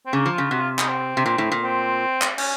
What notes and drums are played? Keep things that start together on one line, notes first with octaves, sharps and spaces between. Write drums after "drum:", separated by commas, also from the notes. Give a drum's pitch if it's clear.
C4
C#3 A#3
F3
F4
C#3
C3 F#4
F4
D#4, drum: clap
C4
C3
A#2
A2
A#2
C4
drum: clap
C#4, drum: cymbal